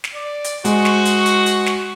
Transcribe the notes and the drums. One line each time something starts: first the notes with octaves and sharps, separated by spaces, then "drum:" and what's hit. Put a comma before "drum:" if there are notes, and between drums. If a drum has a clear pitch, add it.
drum: snare
D5
drum: hi-hat
G#3 F#4 C5 D#5 C#6, drum: hi-hat
drum: snare
drum: hi-hat
drum: hi-hat
drum: hi-hat
drum: snare